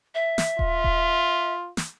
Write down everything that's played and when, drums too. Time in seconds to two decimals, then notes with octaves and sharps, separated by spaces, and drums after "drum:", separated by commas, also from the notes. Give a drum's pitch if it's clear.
0.15 E5
0.38 drum: snare
0.59 F4, drum: kick D#1
0.84 drum: kick D#1
1.77 drum: snare